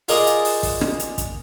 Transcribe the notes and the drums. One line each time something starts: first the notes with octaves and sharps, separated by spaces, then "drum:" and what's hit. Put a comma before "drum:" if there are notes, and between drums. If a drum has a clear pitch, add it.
F4 G#4 A#4 D5 D#5, drum: open hi-hat
drum: hi-hat
drum: open hi-hat
drum: kick, open hi-hat
drum: rim click
drum: hi-hat
drum: kick, hi-hat